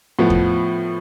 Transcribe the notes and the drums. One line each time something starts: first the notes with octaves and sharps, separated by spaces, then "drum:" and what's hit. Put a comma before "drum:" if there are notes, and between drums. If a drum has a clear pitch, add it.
A2 F3 B3
drum: kick E2